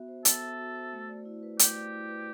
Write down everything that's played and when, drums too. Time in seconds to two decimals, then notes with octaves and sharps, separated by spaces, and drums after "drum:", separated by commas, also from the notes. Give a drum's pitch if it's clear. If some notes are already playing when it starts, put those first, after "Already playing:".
Already playing: B3 F#4 E5
0.08 C5
0.25 B3 A4, drum: hi-hat
0.42 E5
0.59 F#4
0.75 C5
0.93 A3
1.09 D5
1.25 E4
1.43 B4
1.59 A3 G4, drum: hi-hat
1.76 D5
1.93 E4
2.09 B4